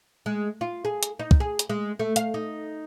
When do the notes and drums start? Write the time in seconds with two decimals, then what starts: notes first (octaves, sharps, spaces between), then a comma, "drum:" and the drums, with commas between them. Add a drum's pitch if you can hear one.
0.26 G#3
0.61 F4
0.85 G#4
1.03 drum: hi-hat
1.19 D#4
1.31 drum: kick
1.40 G#4
1.59 drum: hi-hat
1.69 G#3
1.99 A3
2.16 F5, drum: hi-hat
2.34 D#4